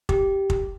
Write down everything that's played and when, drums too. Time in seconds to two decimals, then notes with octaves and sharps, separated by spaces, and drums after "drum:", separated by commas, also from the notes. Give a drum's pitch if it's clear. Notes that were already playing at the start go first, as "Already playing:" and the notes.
0.09 G4, drum: kick
0.50 drum: kick